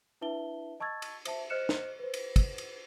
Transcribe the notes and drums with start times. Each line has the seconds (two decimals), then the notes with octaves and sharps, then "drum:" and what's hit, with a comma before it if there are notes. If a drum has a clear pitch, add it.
0.21 D4 E4 B4 E5 A5 G7
0.80 D#5 A5 C#6 E6 G#6 A6
1.02 drum: cymbal
1.25 C5 E5 A5, drum: cymbal
1.50 C5 D#5 F6 F#6 C#7 E7
1.69 drum: snare
1.99 B4 C5
2.14 drum: cymbal
2.36 drum: kick, cymbal
2.58 drum: cymbal